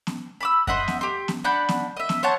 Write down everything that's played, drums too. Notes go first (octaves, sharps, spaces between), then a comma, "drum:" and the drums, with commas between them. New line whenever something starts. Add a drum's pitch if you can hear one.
drum: snare B3
B5 D6 E6
C5 D#5 E5 F#5, drum: kick F#2
drum: snare B3
G4 C5
drum: snare B3
D4 F#5 B5 G6
drum: snare B3
D#5 E5
drum: snare B3
C5 C#5 F#5 A5